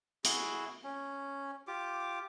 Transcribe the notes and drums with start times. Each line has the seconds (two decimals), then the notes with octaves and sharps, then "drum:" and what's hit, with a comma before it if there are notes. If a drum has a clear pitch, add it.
0.24 E4 F#4 G#4, drum: hi-hat
0.84 C#4
1.68 F4 G4 D6